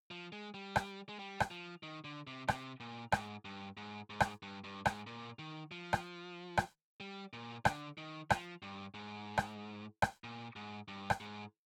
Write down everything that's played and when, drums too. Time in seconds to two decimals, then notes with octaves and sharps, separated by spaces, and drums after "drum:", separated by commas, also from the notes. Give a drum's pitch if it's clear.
0.11 F3
0.32 G#3
0.54 G3
0.76 drum: rim click
1.09 G#3
1.19 G3
1.40 drum: rim click
1.51 F3
1.83 D#3
2.04 D3
2.27 C3
2.48 C3, drum: rim click
2.80 A#2
3.12 G#2, drum: rim click
3.45 G2
3.77 G#2
4.10 G#2
4.20 drum: rim click
4.43 G2
4.64 G2
4.86 G#2, drum: rim click
5.07 A#2
5.39 D#3
5.71 F3
5.93 drum: rim click
6.57 drum: rim click
7.00 G3
7.33 A#2
7.65 D3, drum: rim click
7.98 D#3
8.30 F3, drum: rim click
8.62 G2
8.94 G#2
9.38 drum: rim click
10.02 drum: rim click
10.24 A#2
10.56 G#2
10.88 G2
11.10 drum: rim click
11.21 G#2